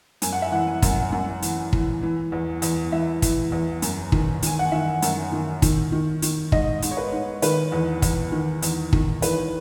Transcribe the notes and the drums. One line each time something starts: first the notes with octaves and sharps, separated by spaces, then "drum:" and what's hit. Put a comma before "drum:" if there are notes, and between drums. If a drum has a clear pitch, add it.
F#2 G#5, drum: hi-hat
F#5
E5
E3 F#5
G#5
F#2, drum: kick, hi-hat
F#2 F#5
E3, drum: hi-hat
E3, drum: kick
E3
E2
E2, drum: hi-hat
E3 E5
E3, drum: kick, hi-hat
E2
F#2, drum: hi-hat
D#3, drum: kick
D#3 G#5, drum: hi-hat
F#5
D#3 E5
F#2, drum: hi-hat
D#3
D#3, drum: kick, hi-hat
D#3
D#3, drum: hi-hat
G#2 D#5, drum: kick
G#2, drum: hi-hat
C#5
B4
G#2
D#3 B4, drum: hi-hat
E2
E2, drum: kick, hi-hat
D#3
E2, drum: hi-hat
D#3, drum: kick
E3 B4, drum: hi-hat